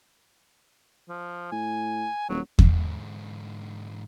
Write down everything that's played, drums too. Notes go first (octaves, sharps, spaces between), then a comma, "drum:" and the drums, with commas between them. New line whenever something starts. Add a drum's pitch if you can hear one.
F3
A2 G#5
D#1 F#3
G#2 D3, drum: kick E2